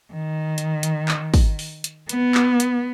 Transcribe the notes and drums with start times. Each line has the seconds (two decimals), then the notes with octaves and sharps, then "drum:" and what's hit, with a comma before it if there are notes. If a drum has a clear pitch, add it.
0.13 D#3
0.58 drum: hi-hat
0.83 drum: hi-hat
1.08 drum: clap
1.34 drum: kick, open hi-hat
1.59 drum: open hi-hat
1.84 drum: hi-hat
2.09 B3, drum: hi-hat
2.35 drum: clap
2.60 drum: hi-hat